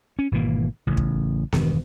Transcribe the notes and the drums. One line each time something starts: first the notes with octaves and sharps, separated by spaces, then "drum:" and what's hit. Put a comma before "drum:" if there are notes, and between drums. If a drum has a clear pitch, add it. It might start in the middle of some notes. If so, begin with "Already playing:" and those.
C#4
G#1 B2 E3 A#3
A1 C#3
drum: kick
E1 G2 D#3, drum: snare B3